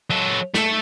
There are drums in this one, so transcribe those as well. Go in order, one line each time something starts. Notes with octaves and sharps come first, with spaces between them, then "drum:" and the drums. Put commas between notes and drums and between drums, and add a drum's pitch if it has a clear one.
F#3 A4
A3 A4, drum: snare